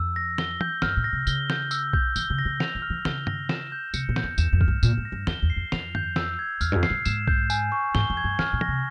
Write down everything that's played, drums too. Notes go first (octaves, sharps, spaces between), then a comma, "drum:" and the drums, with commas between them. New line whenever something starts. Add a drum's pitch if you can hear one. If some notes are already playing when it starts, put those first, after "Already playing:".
Already playing: F2 E6
A#6
G7, drum: snare
G6, drum: tom
G2 F6, drum: snare
A#2
A#6
C3
C#3 G7, drum: tambourine
G6, drum: snare
E6, drum: tambourine
G6, drum: kick B1
E3 G7, drum: tambourine
C#3
A#6
C#3
F7, drum: snare
E3
F6
E3
C#3 G7, drum: snare
A#6, drum: tom
E7, drum: snare
G6
C3 C#7, drum: tambourine
A#2
G6, drum: snare
E2
E2 E7, drum: tambourine
F2
F6, drum: kick B1
G2
A#2 E7, drum: tambourine
G#2
A#6
G2
F2 G7, drum: snare
E2
C7
F2
F2 F7, drum: snare
G6, drum: tom
E6, drum: snare
G#6
E2 F6, drum: tambourine
G2
F2
C7, drum: snare
G2
G#2 E7, drum: tambourine
G6, drum: kick B1
G#5, drum: tambourine
C#6
G#2 G7, drum: snare
F2
G#6
G2
G2 F6, drum: snare
A#2
A#6, drum: tom
C3